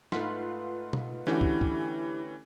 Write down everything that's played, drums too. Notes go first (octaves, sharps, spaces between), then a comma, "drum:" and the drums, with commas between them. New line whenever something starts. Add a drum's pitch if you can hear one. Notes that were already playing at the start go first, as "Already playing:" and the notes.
G#2 A3 F4 B4 F#5 C6, drum: snare
drum: tom B2
D3 E3 A3 C#4 E4 F#4 G4, drum: snare
drum: kick
drum: kick